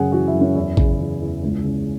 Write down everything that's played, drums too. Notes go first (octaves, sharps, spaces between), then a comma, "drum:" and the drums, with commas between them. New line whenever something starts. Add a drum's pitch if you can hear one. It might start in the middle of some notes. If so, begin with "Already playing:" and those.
Already playing: F#2 C#3 G#4 F#5 G#5
E3 F#4 F#5
E4 E5
F#2
C#4 C#5
E2 E4 E5
C#3, drum: kick A1
E3
E2
C#2
C#3